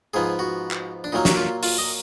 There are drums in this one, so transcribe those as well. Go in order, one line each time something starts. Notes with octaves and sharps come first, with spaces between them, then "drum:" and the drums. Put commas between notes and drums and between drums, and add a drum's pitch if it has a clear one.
G#2 F3 B3 G#4
F#4
drum: clap
D4
A#2 F#3 A#3 D#4
F#4, drum: snare
F4
F4, drum: open hi-hat
D#5